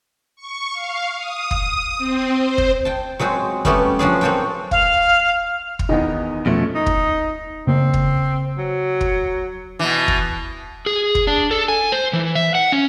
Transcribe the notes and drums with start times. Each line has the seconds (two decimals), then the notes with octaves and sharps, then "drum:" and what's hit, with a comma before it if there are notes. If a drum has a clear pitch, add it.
0.36 C#6
0.72 F5
1.17 D#6
1.51 drum: kick
1.98 C4
2.31 C5
2.58 drum: kick
2.85 G5 A5
3.19 F#3 G#3 C4 F#4
3.65 G3 A3 B3 C#4 F#4 G4, drum: kick
3.99 F3 F#3 D4 G#4
4.21 A#3 C4 F#4 A4 C#5 G5
4.71 F5, drum: kick
5.79 drum: kick
5.89 E2 D#3 B3 D#4 D#5
6.46 F2 B2 F3 A3 C#4
6.75 D#4
6.86 drum: kick
7.67 C#3 A#3 C4
7.94 drum: kick
8.57 F#3
9.01 drum: kick
9.79 B2 E3
10.08 drum: kick
10.86 G#4
11.15 drum: kick
11.27 D4
11.51 A4
11.68 G#5
11.92 C5
12.13 E3
12.35 E5
12.55 F#5
12.72 C#4